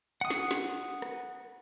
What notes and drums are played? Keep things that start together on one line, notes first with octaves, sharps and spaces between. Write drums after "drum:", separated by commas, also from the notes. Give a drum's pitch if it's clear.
F#5 D#6
drum: snare
drum: snare
drum: rim click